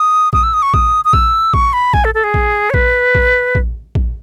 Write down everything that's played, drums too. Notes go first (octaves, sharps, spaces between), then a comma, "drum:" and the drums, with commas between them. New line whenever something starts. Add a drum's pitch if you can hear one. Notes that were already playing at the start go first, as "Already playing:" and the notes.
Already playing: D#6
D#6, drum: kick A#1
E6
D#6
C#6
D#6, drum: kick A#1
D#6
E6, drum: kick A#1
C#6, drum: kick A#1
B5
G#5, drum: kick A#1
A4
A4
G#4
drum: kick A#1
C#5
B4, drum: kick A#1
drum: kick A#1
drum: kick A#1
drum: kick A#1